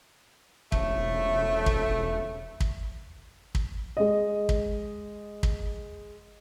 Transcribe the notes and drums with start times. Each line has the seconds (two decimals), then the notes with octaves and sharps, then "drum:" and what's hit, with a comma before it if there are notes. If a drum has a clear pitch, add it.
0.72 E1 C#3 F3 A3, drum: kick
1.66 drum: kick
2.60 drum: kick
3.55 drum: kick
3.97 G#3 D#5
4.49 drum: kick
5.43 drum: kick